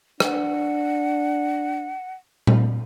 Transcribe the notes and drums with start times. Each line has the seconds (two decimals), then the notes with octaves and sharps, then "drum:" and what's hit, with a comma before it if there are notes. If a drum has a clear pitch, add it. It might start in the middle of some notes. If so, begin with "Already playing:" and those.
0.20 D4 F#5, drum: rim click
2.47 drum: tom A#2